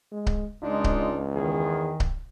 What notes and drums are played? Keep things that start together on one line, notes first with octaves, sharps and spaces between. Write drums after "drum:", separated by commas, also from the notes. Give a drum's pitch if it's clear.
G#3
drum: kick C#1
C#2 G#3 D4 D#4 F4
drum: kick C#1
E2 D#3 G#4
drum: kick C#1